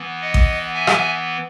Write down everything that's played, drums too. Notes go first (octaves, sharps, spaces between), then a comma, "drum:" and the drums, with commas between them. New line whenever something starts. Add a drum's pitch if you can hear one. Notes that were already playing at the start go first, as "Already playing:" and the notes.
Already playing: E3 B3
D#5 F#5
drum: kick A1
E5 G#5
drum: rim click